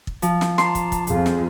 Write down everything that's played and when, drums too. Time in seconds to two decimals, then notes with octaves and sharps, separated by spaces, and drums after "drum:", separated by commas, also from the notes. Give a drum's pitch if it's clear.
0.07 drum: kick
0.22 F3, drum: hi-hat
0.41 drum: snare
0.58 A5 A#5 C6 D6, drum: snare
0.75 drum: kick, hi-hat
0.92 drum: kick, hi-hat
1.07 F2 F4 G#4, drum: hi-hat
1.26 drum: snare